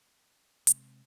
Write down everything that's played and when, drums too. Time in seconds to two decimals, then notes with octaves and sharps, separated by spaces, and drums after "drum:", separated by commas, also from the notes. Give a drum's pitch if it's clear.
0.67 C3 G#3 C4, drum: hi-hat